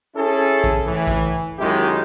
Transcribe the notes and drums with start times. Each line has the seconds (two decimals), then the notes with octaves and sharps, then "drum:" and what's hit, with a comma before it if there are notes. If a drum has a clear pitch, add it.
0.15 C#4 E4 G#4 A4
0.64 drum: kick
0.86 A2 E3
1.07 drum: kick
1.58 F#2 D#3 G#3 E4 G4